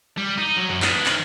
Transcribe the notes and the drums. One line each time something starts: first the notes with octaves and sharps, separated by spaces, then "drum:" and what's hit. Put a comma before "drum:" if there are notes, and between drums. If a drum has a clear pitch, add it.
G3
D#4
F#3
F#2
B3 D4, drum: clap
D#3, drum: clap